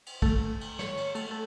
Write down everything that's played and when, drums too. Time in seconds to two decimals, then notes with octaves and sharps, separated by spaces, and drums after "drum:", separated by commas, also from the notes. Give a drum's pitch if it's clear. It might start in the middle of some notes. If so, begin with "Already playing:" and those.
0.06 drum: cymbal
0.22 A3, drum: kick, cymbal
0.61 drum: cymbal
0.79 C#5, drum: snare
0.97 drum: cymbal
1.15 A3, drum: cymbal
1.31 A3